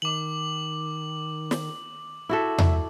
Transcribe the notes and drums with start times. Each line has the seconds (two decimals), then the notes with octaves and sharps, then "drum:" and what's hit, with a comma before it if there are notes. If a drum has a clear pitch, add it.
0.02 D#3 D6 F#7
1.51 drum: snare
2.29 E4 F#4 A4 E5
2.58 drum: tom E2